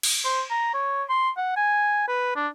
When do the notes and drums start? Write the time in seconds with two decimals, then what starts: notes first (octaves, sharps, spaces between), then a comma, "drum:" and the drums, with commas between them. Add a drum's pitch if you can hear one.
0.03 drum: cymbal
0.25 C5
0.50 A#5
0.74 C#5
1.09 C6
1.37 F#5
1.56 G#5
2.08 B4
2.36 D4